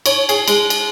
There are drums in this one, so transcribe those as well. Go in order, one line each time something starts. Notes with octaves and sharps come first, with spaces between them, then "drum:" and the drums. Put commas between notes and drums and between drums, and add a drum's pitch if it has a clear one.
C#5, drum: cymbal
G#4, drum: cymbal
G#3, drum: cymbal
drum: cymbal